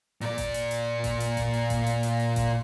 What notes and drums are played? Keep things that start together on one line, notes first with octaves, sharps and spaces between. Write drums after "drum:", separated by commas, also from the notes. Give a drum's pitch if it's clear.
A#2 D5, drum: open hi-hat
drum: kick G#1, hi-hat
drum: hi-hat
drum: hi-hat
drum: kick G#1, hi-hat
drum: hi-hat
drum: kick G#1, hi-hat
drum: open hi-hat
drum: kick G#1, hi-hat
drum: hi-hat
drum: hi-hat
drum: open hi-hat
drum: kick G#1, hi-hat